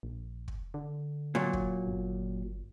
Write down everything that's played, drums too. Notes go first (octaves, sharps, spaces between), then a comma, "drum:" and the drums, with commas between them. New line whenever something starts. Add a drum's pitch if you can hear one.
A#1
drum: kick
D3
A#2 F#3
drum: kick
G1